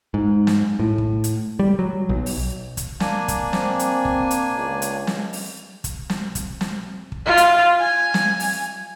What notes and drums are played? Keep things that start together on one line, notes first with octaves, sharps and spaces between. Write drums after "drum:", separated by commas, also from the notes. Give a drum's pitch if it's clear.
G#2
drum: snare
A2
drum: kick
drum: hi-hat
G3
F#3
B1
drum: open hi-hat
drum: kick, hi-hat
A#3 D4 G#5, drum: snare
drum: kick, hi-hat
C4, drum: snare
drum: hi-hat
drum: kick
drum: hi-hat
C#2
drum: hi-hat
drum: snare
drum: open hi-hat
drum: kick, hi-hat
drum: snare
drum: kick, hi-hat
drum: snare
drum: kick
F4
drum: hi-hat
G#5
drum: snare
drum: open hi-hat